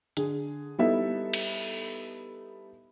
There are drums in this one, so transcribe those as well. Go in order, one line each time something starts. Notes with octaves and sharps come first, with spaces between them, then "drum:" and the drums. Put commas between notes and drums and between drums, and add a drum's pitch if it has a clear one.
D3 G#4, drum: hi-hat
G3 B3 D#4 E4 A4 E5
drum: cymbal